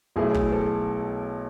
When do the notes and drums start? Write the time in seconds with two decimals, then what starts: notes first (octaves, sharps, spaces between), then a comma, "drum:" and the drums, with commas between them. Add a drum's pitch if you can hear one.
0.16 B1 B2 A3 E4 G#4
0.34 drum: kick
0.52 A4